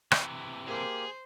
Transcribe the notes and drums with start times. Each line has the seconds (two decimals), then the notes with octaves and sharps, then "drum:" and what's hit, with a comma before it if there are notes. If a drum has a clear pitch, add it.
0.11 C3 E3, drum: rim click
0.68 A#3 G4 G#4 C5